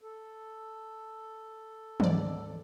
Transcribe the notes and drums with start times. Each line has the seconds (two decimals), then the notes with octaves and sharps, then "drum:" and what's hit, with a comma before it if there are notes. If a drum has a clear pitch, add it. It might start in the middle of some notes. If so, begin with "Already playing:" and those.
0.01 A4
2.00 D2 G#2 D5, drum: tom